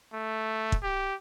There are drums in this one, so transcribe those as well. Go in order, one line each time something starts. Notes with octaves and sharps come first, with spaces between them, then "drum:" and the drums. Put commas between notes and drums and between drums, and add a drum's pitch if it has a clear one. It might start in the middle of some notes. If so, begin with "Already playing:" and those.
A3
drum: kick
G4